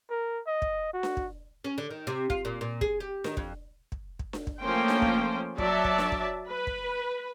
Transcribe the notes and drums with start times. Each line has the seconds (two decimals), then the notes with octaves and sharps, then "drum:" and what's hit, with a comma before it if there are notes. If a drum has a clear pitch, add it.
0.11 A#4
0.47 D#5
0.62 drum: kick
0.93 F#4
1.03 drum: snare D4
1.17 drum: kick
1.64 C#4
1.78 D3
1.91 D#3
2.07 C3
2.30 F4, drum: kick
2.45 A#2
2.61 A#2
2.81 G#4, drum: kick
3.00 G4
3.24 D#3, drum: snare D4
3.37 F2, drum: kick
3.92 drum: kick
4.19 drum: kick
4.33 drum: snare D4
4.47 drum: kick
4.62 F3 A3 A#3 C#4 C5 G5
4.88 drum: snare D4
5.02 drum: kick
5.58 F#3 D5 E5 A5, drum: kick
5.84 drum: kick
5.98 drum: snare D4
6.12 drum: kick
6.48 B4
6.67 drum: kick